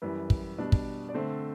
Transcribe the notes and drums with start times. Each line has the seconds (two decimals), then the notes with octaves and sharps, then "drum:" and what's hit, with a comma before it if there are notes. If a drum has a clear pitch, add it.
0.02 F#2 E3 G3 B4
0.30 drum: kick
0.58 B2 G3 D4
0.72 drum: kick
1.09 D5
1.14 D3 A3 C4 C5